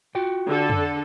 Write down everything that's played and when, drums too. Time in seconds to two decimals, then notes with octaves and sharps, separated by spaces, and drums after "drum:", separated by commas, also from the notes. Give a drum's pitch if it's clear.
0.15 F4 F#4 G5
0.47 D3 A4
0.70 drum: tom